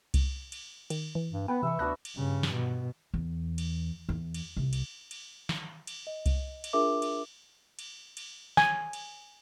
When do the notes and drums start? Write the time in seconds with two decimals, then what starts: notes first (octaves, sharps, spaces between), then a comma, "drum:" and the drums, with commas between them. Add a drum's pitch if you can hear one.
0.14 drum: kick C2, cymbal
0.52 drum: cymbal
0.90 D#3, drum: cymbal
1.15 E3
1.31 G2
1.48 B3 B4 G5
1.63 C3 E3 E5 C#6
1.79 D2 B3 D4 F#4 F#6 A#6
2.05 drum: cymbal
2.16 G2 C#3
2.43 drum: snare
2.54 B2
3.14 E2
3.58 drum: cymbal
4.09 E2
4.34 drum: cymbal
4.57 C2
4.73 drum: cymbal
5.11 drum: cymbal
5.49 drum: snare
5.87 drum: cymbal
6.07 D#5
6.26 drum: kick C2, cymbal
6.64 drum: cymbal
6.73 D4 F4 G#4 A#4 E5 D6
7.02 drum: cymbal
7.79 drum: cymbal
8.17 drum: cymbal
8.57 G#5, drum: snare
8.93 drum: cymbal